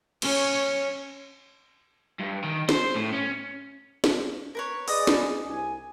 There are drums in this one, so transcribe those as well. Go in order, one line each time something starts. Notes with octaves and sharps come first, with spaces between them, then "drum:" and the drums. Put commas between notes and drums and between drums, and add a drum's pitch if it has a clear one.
C#4 C#5, drum: cymbal
G2
D#3
C5, drum: snare
A2
C#4
drum: snare
A#4 B4 C#5
G#4 B4 D5 D#5 D#6, drum: open hi-hat
drum: snare
C2 G#5